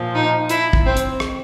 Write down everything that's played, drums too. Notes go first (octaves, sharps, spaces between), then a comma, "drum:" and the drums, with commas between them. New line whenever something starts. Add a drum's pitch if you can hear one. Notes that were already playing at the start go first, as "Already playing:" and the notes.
Already playing: A#2 F3
D#4
E4, drum: hi-hat
drum: kick
C4
drum: hi-hat
drum: rim click